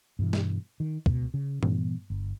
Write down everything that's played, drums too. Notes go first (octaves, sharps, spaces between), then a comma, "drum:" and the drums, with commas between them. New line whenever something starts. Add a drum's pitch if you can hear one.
G2 B2 E3
drum: snare
D#3
C#2 B2, drum: kick
C#3
A#2 E3 G3 B3, drum: tom G2
G1